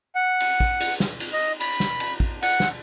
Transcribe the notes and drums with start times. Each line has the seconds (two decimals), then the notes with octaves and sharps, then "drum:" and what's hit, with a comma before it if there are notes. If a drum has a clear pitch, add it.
0.15 F#5
0.40 drum: cymbal
0.60 drum: kick
0.80 drum: cymbal
1.00 drum: snare
1.20 drum: cymbal
1.33 D#5
1.60 B5, drum: cymbal
1.80 drum: snare
2.00 drum: cymbal
2.20 drum: kick
2.43 F#5, drum: cymbal
2.60 drum: snare